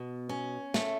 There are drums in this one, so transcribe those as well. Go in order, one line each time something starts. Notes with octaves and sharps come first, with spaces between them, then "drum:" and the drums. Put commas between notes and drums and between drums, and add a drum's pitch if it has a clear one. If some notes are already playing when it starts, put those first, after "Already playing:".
Already playing: B2
C#4
A3, drum: snare